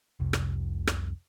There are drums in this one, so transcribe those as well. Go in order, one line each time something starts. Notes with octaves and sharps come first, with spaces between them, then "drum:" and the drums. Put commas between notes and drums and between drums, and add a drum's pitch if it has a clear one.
F1 C2
drum: rim click
drum: rim click